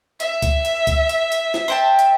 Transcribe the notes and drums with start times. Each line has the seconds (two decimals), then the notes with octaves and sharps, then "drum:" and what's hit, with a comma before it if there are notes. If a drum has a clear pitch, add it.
0.20 E5, drum: hi-hat
0.42 drum: kick C#2, hi-hat
0.65 drum: hi-hat
0.87 drum: kick C#2, hi-hat
1.09 drum: hi-hat
1.32 drum: hi-hat
1.54 drum: snare
1.68 C5 G5 A5
1.99 drum: hi-hat